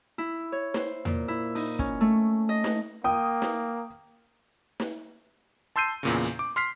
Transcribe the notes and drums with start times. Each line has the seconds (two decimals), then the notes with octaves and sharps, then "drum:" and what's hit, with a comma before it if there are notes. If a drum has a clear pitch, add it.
0.18 E4
0.52 C#5
0.74 C5, drum: snare
1.05 A#2, drum: tom E2
1.28 E4
1.55 D#4, drum: open hi-hat
1.79 C#4, drum: kick
2.01 A3
2.49 D#5
2.64 drum: snare
3.04 A#3 G5 D#6
3.42 drum: snare
4.80 drum: snare
5.76 A5 C6 E6 G6 C7 D#7
6.03 E2 A#2 C#3
6.39 D6
6.56 C6 F6 B6 C7, drum: hi-hat